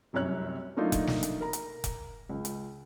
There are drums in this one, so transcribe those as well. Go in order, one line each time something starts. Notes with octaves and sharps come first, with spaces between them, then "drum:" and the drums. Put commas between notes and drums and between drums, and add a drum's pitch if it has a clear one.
F1 C2 F#2 C#5 F#6
F#3 A3 A#3 D4 D#4 F4
drum: kick F1, hi-hat
drum: snare
drum: hi-hat
A#4 A#5
drum: hi-hat
drum: kick F1, hi-hat
C#2
drum: hi-hat